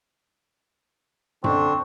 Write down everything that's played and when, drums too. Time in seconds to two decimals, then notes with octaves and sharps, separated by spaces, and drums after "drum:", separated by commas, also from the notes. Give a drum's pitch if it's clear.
1.44 D3 C4 D4 C#6, drum: tom F#2